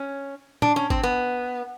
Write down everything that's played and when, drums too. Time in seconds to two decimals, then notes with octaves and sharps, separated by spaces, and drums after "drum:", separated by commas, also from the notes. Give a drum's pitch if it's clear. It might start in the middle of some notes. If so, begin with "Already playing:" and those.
Already playing: C#4
0.62 D4, drum: tom
0.76 C#4
0.90 C4, drum: kick G#1
1.03 B3